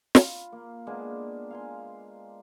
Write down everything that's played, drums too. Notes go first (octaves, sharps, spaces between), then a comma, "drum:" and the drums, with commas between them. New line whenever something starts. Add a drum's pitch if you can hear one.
F4 B5, drum: snare
A#3
G#3 A#3 B3 D4
F5 G#5 C6